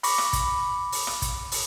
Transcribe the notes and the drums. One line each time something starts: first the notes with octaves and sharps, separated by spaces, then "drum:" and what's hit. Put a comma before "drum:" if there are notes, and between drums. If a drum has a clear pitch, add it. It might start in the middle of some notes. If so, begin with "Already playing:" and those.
B5 C#6 D6 A#6 C#7, drum: open hi-hat
drum: rim click
drum: kick, hi-hat
drum: open hi-hat
drum: rim click
drum: kick, hi-hat
drum: open hi-hat